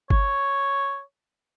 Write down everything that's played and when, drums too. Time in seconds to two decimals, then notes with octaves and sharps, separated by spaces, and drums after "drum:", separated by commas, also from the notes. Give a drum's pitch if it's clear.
0.10 C#5, drum: kick G1